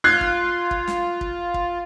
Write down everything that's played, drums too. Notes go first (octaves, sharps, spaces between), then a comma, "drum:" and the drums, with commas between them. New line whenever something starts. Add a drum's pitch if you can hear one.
F4 F#6 G#6 C7
drum: kick
drum: kick
drum: snare
drum: kick
drum: kick